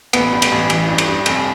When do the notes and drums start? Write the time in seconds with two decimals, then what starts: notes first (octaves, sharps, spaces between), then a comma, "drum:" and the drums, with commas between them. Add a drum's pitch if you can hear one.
0.13 A1 B3, drum: cymbal
0.33 G2
0.42 drum: cymbal
0.52 A1
0.70 E3, drum: cymbal
0.89 G2
0.98 drum: cymbal
1.08 G2
1.26 F1, drum: cymbal